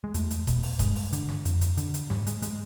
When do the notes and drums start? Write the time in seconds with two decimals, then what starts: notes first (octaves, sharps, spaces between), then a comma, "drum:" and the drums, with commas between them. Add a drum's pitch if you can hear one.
0.04 G#3
0.14 E2 A3, drum: hi-hat
0.31 drum: hi-hat
0.47 B2, drum: kick D#1, hi-hat
0.63 drum: open hi-hat
0.79 G2 G#3, drum: kick D#1, hi-hat
0.96 drum: open hi-hat
1.13 D3, drum: hi-hat
1.29 drum: snare
1.45 F2, drum: hi-hat
1.61 drum: hi-hat
1.77 D3, drum: hi-hat
1.94 drum: hi-hat
2.10 G#2 G3, drum: snare
2.27 G#3, drum: hi-hat
2.42 G#3, drum: hi-hat